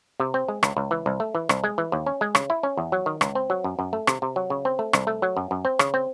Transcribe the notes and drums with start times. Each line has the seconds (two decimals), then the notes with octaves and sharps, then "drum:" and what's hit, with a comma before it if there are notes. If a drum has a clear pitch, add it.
0.20 C3
0.34 C4
0.48 G#3
0.63 C#2, drum: rim click
0.77 C#2
0.91 E3
1.06 C2
1.20 A3
1.35 E3
1.49 C2, drum: rim click
1.64 G#3
1.78 E3
1.92 D#2
2.06 C#4
2.21 G#3
2.35 C#3, drum: rim click
2.50 E4
2.63 C#4
2.77 E2
2.92 F#3
3.06 D#3
3.21 C#2, drum: rim click
3.35 C4
3.50 F#3
3.64 F#2
3.79 F#2
3.93 A3
4.07 C3, drum: rim click
4.22 C3
4.36 F#3
4.50 C#3
4.65 C4
4.79 A3
4.93 C2, drum: rim click
5.07 A3
5.22 F#3
5.37 F#2
5.51 F#2
5.65 C4
5.79 C#3, drum: rim click
5.94 C4